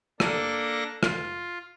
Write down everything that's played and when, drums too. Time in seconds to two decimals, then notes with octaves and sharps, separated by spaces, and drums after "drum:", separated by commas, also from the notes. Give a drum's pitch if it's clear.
0.20 A#3 D4 A4 A#6, drum: rim click
1.03 F4, drum: rim click